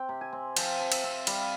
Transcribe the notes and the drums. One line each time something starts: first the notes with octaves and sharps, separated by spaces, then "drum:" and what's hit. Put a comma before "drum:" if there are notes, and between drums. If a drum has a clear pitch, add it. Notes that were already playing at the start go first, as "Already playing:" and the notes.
Already playing: C4 G5
C3
G#5
C4
F3 G5, drum: cymbal
F3
E5, drum: cymbal
C4
G3 F5, drum: cymbal